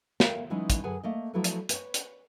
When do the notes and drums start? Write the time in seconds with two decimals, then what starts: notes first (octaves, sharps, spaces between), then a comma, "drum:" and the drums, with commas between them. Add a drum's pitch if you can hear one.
0.20 A#4 E5 F5 G5, drum: snare
0.50 E3 F#3 G#3 C#4 D#4 E4
0.70 drum: kick, hi-hat
0.84 F#2 D3 G#4 B4 F#5 G#5
1.03 A3 A#3 D#5
1.34 F3 F#3 E4 F#4 A4 B4
1.44 drum: hi-hat
1.69 B4 C#5, drum: hi-hat
1.94 drum: hi-hat